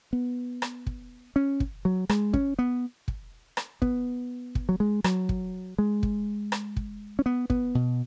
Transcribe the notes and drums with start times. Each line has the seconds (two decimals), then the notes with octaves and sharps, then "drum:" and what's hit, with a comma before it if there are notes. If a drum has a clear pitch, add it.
0.13 B3
0.62 drum: rim click
0.87 drum: kick
1.36 C#4
1.60 drum: kick
1.85 F#3
2.10 G#3, drum: rim click
2.34 C#4, drum: kick
2.59 B3
3.08 drum: kick
3.57 drum: rim click
3.82 B3, drum: kick
4.55 drum: kick
4.69 F#3
4.80 G#3
5.04 F#3, drum: rim click
5.29 drum: kick
5.79 G#3
6.03 drum: kick
6.52 drum: rim click
6.76 drum: kick
7.19 C#4
7.26 B3
7.50 B3, drum: kick
7.75 B2